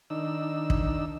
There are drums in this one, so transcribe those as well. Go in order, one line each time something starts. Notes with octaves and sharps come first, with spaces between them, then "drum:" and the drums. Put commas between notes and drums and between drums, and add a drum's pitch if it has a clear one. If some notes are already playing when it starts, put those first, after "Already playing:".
D#3 D4 D#4 E6
drum: kick